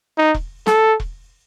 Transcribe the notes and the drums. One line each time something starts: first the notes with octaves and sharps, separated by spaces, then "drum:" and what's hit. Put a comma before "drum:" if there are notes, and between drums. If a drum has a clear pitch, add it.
D#4
drum: kick E1
A4, drum: snare
drum: kick E1